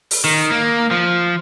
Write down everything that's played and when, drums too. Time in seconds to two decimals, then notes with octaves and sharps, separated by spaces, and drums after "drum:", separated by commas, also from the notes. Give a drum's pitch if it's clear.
0.11 drum: open hi-hat
0.25 D#3
0.51 A#3
0.91 F3